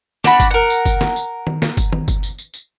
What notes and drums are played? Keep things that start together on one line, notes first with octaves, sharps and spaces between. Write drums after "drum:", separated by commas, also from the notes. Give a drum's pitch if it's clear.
D4 F#4 B5, drum: snare
drum: kick G1, tambourine
A#4 F#5
drum: tambourine
drum: kick G1, tambourine
drum: snare
drum: tambourine
drum: tom D#3
drum: snare
drum: kick G1, tambourine
drum: tom D#3
drum: kick G1, tambourine
drum: tambourine
drum: tambourine
drum: tambourine